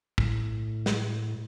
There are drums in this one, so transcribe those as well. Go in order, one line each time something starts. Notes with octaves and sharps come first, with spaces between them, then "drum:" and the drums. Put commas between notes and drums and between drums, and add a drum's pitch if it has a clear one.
A2, drum: kick
drum: snare